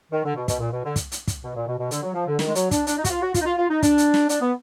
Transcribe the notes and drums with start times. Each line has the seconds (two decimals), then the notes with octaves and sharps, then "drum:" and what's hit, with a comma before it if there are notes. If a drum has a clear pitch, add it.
0.12 D#3
0.25 D3
0.36 B2
0.48 B2, drum: kick, hi-hat
0.60 A#2
0.72 B2
0.84 D3
0.96 drum: kick, hi-hat
1.12 drum: hi-hat
1.27 drum: kick, hi-hat
1.43 B2
1.55 A#2
1.67 B2
1.79 B2
1.91 D3, drum: hi-hat
2.03 F#3
2.15 F3
2.27 D3
2.39 D#3, drum: snare
2.48 G#3
2.55 F#3, drum: hi-hat
2.71 D4, drum: kick, hi-hat
2.87 D4, drum: hi-hat
2.98 D#4
3.04 F#4, drum: kick, hi-hat
3.10 F4
3.22 F#4
3.34 F4, drum: kick, hi-hat
3.41 D#4
3.46 F4
3.58 F4
3.70 D#4
3.82 D4, drum: kick, hi-hat
3.98 drum: hi-hat
4.14 drum: snare
4.29 D4, drum: hi-hat
4.41 B3